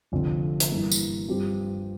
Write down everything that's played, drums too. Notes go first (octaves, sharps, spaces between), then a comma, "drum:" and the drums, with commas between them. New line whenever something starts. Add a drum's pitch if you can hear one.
F1 F2 D3
drum: hi-hat
G2 E3 A#3
drum: tambourine
G2 F3 C4 G4